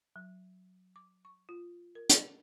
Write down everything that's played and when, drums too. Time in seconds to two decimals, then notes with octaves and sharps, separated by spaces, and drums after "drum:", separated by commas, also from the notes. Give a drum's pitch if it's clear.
0.16 F#3
0.96 D6
1.25 C#6
1.49 F4
1.95 A#4
2.09 drum: hi-hat